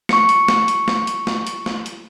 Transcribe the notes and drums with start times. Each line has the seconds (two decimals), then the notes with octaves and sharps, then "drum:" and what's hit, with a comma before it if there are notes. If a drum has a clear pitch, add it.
0.09 C#6 C#7, drum: snare
0.29 drum: hi-hat
0.48 drum: snare
0.68 drum: hi-hat
0.88 drum: snare
1.07 drum: hi-hat
1.27 drum: snare
1.47 drum: hi-hat
1.66 drum: snare
1.86 drum: hi-hat